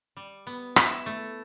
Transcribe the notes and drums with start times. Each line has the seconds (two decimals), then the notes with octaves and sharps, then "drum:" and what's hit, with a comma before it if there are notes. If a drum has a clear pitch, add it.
0.17 G3
0.47 B3
0.76 E4, drum: rim click
1.06 A3